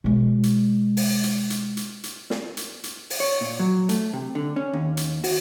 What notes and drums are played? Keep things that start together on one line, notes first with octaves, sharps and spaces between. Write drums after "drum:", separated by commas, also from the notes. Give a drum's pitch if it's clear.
B2 G#3
drum: hi-hat
drum: open hi-hat
drum: hi-hat
drum: hi-hat
drum: hi-hat
drum: hi-hat
drum: snare
drum: hi-hat
drum: hi-hat
drum: open hi-hat
C#5
A#2
F#3
A3, drum: hi-hat
C3
D3
C#4
D#2
drum: hi-hat
F#4, drum: open hi-hat